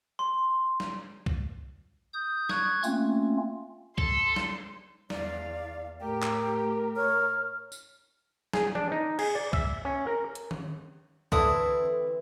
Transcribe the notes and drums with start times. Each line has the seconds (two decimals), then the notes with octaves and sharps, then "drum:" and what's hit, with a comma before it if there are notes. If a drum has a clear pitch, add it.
0.19 C6
0.80 drum: snare
1.26 drum: kick
2.13 D#6 G6
2.49 C#6 F#6 G#6, drum: snare
2.84 A3 A#3 C4 C#4 F4, drum: tambourine
3.98 A4 C6, drum: kick
4.36 drum: snare
5.10 E2 D5 F5, drum: snare
6.01 A2 A3 G4 A#4 G5
6.23 drum: clap
6.96 C#5 F6
7.72 drum: tambourine
8.53 G#4, drum: snare
8.75 D4, drum: tom E3
8.92 D#4
9.19 G#4, drum: cymbal
9.35 D5
9.53 E5, drum: kick
9.85 C#4
10.07 A#4
10.35 drum: hi-hat
10.51 drum: tom D#3
11.32 D3 E3 C4 E4 D#6, drum: kick